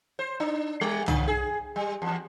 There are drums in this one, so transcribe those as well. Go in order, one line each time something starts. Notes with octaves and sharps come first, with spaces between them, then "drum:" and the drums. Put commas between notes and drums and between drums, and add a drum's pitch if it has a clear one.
C5
D4
G3
C#3, drum: tom
G#4
G3
E2